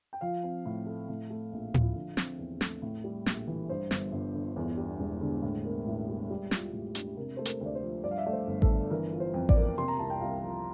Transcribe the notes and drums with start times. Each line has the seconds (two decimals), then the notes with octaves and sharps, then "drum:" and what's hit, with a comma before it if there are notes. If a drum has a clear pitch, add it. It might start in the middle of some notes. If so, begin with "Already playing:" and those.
0.13 G5
0.21 F3 F5
0.43 C4
0.66 A2
0.86 A3
1.09 A2
1.30 A3
1.53 A#1
1.74 F3, drum: tom A2
1.95 D3
2.17 C4, drum: snare
2.38 E2
2.61 A3, drum: snare
2.82 A2
3.04 G3
3.26 A#1, drum: snare
3.47 E3
3.69 G2 C5
3.91 G1, drum: snare
4.12 G1
4.34 D3
4.56 E2
4.77 G3
4.99 E1
5.21 D3
5.42 A2
5.65 A#3
5.87 A1
6.09 G3
6.30 G3
6.51 F4, drum: snare
6.73 A2
6.95 D4, drum: hi-hat
7.17 C3 A#4
7.37 A3 C5
7.45 A#4, drum: hi-hat
7.61 D2 D5
7.75 C5
7.83 F3
8.03 G2 D5
8.11 F5
8.18 E5
8.26 A3 D5
8.32 C5
8.47 G1
8.62 A4, drum: kick A1
8.70 D3
8.90 E3 A#4
9.12 F4
9.20 C5
9.34 F2
9.49 D5, drum: kick A1
9.56 A#3
9.77 C3 C6
9.88 A#5
9.99 C2 A5
10.10 G5
10.21 C2 F5
10.43 F3